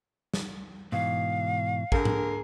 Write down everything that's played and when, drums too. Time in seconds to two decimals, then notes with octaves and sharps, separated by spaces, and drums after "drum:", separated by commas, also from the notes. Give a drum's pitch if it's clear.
0.34 drum: snare
0.92 G#2 B2 E3 F5
1.92 D3 G#4 A#4, drum: kick
2.05 drum: tom G#2